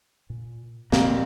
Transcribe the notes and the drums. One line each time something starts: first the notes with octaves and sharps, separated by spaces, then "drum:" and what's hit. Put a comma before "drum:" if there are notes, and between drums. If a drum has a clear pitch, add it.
A#2
A#2 A#3 C4, drum: snare